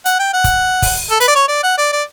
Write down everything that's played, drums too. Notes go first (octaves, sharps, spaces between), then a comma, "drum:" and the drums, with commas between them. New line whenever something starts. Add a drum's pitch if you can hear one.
F#5, drum: hi-hat
G5
F#5
drum: kick, hi-hat
drum: kick, open hi-hat
A4
B4, drum: hi-hat
D5
C#5
D5
F#5
D5
D5